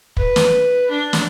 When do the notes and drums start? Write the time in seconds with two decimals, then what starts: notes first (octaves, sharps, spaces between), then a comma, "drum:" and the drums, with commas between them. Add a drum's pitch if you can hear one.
0.17 B4, drum: kick
0.36 drum: snare
0.90 D4
1.13 drum: snare